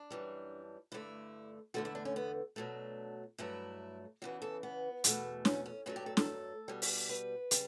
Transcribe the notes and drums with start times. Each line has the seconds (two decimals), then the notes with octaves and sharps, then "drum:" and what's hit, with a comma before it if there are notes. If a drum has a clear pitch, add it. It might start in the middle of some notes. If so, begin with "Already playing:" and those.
Already playing: D4
0.11 F#2 E3 G3
0.92 G2 D3 A3 E4
1.74 E2 D3 A3 F#4
1.85 E4
1.95 D4
2.05 C#4
2.16 B3
2.56 B2 F#3 A3 D4
3.38 G2 F#3 A3 E4
4.22 E2 C#3 E3 F#4
4.42 A4
4.63 B3
5.04 E2 B2 A3, drum: hi-hat
5.45 C#4, drum: snare
5.66 C#4
5.86 G2 F#3 A3 C#4
5.96 G4
6.06 A4
6.17 A4, drum: snare
6.68 B2 G3
6.82 drum: open hi-hat
7.09 B4
7.51 C#3 G3, drum: hi-hat